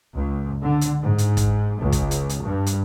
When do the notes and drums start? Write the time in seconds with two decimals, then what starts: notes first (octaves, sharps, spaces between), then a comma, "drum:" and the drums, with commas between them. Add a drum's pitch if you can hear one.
0.15 C#2
0.63 D3
0.81 drum: hi-hat
1.03 G#2
1.18 drum: hi-hat
1.37 drum: kick, hi-hat
1.82 C#2
1.92 drum: kick, hi-hat
2.11 drum: hi-hat
2.29 drum: hi-hat
2.45 G2
2.66 drum: hi-hat